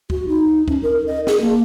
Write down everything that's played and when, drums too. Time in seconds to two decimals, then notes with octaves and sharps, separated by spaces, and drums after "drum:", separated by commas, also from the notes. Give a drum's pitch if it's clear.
0.10 F#4, drum: kick
0.28 D#4
0.68 C#4, drum: kick
0.83 A#4
1.07 D#5
1.27 G#4, drum: snare
1.41 A#3